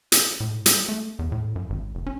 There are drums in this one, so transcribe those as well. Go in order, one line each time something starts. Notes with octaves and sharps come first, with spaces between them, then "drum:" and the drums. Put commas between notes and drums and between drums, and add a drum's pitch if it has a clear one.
drum: hi-hat
A2
G3, drum: hi-hat
A3
E2
A2
F#2
G#1
F1
C#4